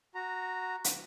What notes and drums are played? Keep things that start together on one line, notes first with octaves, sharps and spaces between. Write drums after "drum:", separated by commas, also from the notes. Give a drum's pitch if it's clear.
F#4 A#5
drum: hi-hat